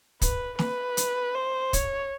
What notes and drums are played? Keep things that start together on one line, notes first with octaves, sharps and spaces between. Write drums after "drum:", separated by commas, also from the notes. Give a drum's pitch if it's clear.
B4, drum: kick, hi-hat
B4, drum: snare
drum: hi-hat
C5
C#5, drum: kick, hi-hat